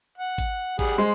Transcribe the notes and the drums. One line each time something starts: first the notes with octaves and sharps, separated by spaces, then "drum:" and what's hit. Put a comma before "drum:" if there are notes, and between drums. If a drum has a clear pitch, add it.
F#5
drum: kick G#1, tambourine
G3 G#4 F#5, drum: kick G#1, tambourine
G#3 C5